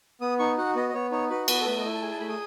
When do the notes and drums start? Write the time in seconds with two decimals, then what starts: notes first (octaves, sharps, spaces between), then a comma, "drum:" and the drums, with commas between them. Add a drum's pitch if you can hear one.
0.21 B3 D#6
0.39 D#4 C#6
0.58 F#4 F#5
0.75 B3 D#5
0.89 D#5
0.94 B3 C#5
1.11 D#4 C#5
1.30 F#4 B4
1.48 B3 B4, drum: cymbal
1.61 A4
1.66 A3 B4
1.78 D#5
1.85 E4
1.95 A5
2.02 G#4 G#5
2.11 A5
2.20 A3 B5
2.29 D#6